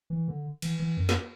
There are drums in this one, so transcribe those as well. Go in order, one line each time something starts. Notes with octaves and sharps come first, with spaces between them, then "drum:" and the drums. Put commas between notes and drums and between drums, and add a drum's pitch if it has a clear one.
E3
D3
E3, drum: cymbal
E3
F#2
drum: snare